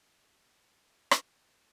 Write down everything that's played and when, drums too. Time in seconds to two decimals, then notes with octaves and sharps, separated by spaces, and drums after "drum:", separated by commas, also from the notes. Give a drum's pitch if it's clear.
0.13 G#3 F5
0.58 E4 C5 F#5
1.11 drum: rim click